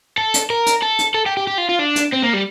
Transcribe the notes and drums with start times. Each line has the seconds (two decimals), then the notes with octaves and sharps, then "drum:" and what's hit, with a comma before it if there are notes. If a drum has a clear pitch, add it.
0.18 A4
0.34 drum: hi-hat
0.50 A#4
0.66 drum: hi-hat
0.82 A4
0.99 drum: hi-hat
1.14 A4
1.26 G4
1.37 G4
1.47 G4
1.58 F4
1.69 F4
1.79 D4
1.96 drum: hi-hat
2.13 C4
2.22 A#3
2.33 G3